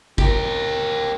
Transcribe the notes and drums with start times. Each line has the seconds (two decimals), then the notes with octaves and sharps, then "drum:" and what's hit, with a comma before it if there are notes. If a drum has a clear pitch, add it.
0.18 G4 A#4, drum: kick